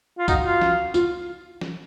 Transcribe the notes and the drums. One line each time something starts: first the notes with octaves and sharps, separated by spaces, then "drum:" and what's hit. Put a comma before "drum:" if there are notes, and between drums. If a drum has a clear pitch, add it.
F4
D#4 F#4, drum: kick C2, tambourine
F4
drum: snare
F4, drum: tambourine
drum: snare